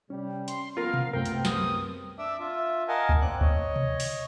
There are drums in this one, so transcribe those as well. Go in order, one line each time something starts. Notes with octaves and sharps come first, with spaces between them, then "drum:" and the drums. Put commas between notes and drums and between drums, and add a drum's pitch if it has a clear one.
C3 G3 C#4
C6, drum: hi-hat
F3 A#3 B3 F4 A#4 F5
drum: tom B2
C2 F#2 C3 A3 B3 C4 A#4 G5
drum: hi-hat
D#6, drum: snare
D4 D5 E5 D6 E6
F4 E5
A#4 D#5 F5 F#5 G#5 A5
drum: kick D2
C4 D5 F#6
C#5 D#5, drum: kick D2
drum: tom B2
drum: open hi-hat